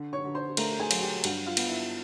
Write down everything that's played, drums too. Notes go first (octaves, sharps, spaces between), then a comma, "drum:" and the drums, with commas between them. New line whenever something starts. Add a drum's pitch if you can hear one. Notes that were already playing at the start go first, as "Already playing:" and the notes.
Already playing: D3
C#5 C#6
D3
C5 C6
A3 A#4 A#5, drum: cymbal
G#4 G#5
F#3, drum: cymbal
G4 G5
G2 F#4 F#5, drum: cymbal
F4 F5
B3, drum: cymbal
E4 E5